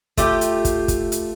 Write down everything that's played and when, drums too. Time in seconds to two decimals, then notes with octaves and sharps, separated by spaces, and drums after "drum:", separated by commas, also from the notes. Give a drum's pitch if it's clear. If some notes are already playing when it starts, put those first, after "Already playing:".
0.17 A3 F4 G4, drum: kick, hi-hat
0.41 drum: hi-hat
0.65 drum: kick, hi-hat
0.88 drum: kick, hi-hat
1.12 drum: hi-hat